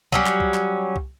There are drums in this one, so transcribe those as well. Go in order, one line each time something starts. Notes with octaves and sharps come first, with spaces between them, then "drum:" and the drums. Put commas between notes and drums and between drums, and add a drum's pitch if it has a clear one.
F#3 G3 C#4, drum: kick C2
drum: clap
drum: kick C2
drum: clap
drum: kick C2